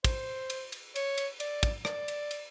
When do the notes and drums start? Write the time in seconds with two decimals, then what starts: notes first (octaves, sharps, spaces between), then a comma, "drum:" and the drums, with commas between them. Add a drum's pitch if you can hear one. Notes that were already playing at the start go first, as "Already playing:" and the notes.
0.04 C5, drum: kick, cymbal
0.50 drum: cymbal
0.72 drum: cymbal
0.96 C#5, drum: cymbal
1.18 drum: cymbal
1.40 D5, drum: cymbal
1.63 drum: kick, cymbal
1.85 D5, drum: rim click
2.08 drum: cymbal
2.31 drum: cymbal